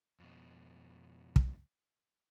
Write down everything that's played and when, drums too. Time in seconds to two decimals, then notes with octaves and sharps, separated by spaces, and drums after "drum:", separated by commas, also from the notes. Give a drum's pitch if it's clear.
0.20 F2 B2
1.36 drum: kick